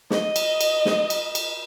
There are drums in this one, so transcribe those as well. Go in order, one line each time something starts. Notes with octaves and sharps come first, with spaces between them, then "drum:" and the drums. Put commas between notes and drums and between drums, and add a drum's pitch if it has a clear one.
D#5, drum: snare
drum: cymbal
drum: cymbal
drum: snare
drum: cymbal
drum: cymbal